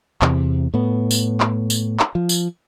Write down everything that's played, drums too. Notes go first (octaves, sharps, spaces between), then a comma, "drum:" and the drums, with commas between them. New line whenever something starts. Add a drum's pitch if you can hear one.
E2 C3, drum: clap
A2 B3
drum: tambourine
drum: clap
drum: tambourine
drum: clap
F3
drum: tambourine